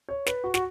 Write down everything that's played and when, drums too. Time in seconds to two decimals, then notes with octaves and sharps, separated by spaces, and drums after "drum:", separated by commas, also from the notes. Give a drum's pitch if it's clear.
0.09 C#5
0.26 B4, drum: snare
0.44 F#4
0.54 F#4, drum: snare